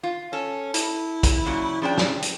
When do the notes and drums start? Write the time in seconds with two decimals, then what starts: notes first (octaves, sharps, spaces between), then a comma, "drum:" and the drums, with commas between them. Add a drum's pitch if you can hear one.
0.03 F4
0.33 C#4 A4
0.74 E4, drum: hi-hat
1.23 drum: kick, hi-hat
1.46 A#2 C#3 F#3
1.82 C#3 F3 D4 G5
1.98 drum: snare
2.22 drum: hi-hat